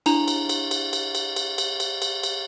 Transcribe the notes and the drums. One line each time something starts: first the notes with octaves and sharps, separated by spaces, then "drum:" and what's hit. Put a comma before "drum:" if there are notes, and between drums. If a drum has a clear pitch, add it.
D4 E4 A#5 F7, drum: cymbal
drum: cymbal
drum: cymbal
drum: cymbal
drum: cymbal
drum: cymbal
drum: cymbal
drum: cymbal
drum: cymbal
drum: cymbal
drum: cymbal